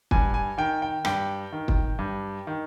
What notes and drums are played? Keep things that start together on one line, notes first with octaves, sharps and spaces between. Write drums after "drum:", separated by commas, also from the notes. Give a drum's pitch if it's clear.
G2 G#5, drum: kick
G#5
D#3 G5
G5
G2 G5, drum: rim click
D#3
drum: kick
G2
D#3